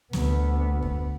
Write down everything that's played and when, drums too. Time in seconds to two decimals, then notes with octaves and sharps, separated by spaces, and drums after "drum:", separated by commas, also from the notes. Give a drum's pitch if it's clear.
0.13 D2 B3, drum: snare
0.82 drum: kick